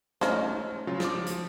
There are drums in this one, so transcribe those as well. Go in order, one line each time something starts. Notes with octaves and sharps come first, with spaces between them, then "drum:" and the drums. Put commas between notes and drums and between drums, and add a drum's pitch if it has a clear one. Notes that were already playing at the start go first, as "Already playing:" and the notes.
A3 C#4 D#4 C5, drum: snare
C#3 F#3 F4
F3 D6, drum: snare
drum: hi-hat